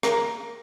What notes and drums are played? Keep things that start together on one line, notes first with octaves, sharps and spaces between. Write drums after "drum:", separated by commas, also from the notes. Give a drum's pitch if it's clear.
A#3, drum: rim click